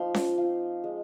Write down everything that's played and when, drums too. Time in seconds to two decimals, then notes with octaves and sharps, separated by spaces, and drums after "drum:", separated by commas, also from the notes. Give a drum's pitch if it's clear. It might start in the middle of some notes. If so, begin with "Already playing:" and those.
Already playing: F3 A#3 D#4 C6
0.14 drum: snare C#4
0.38 C4 F4
0.84 G#3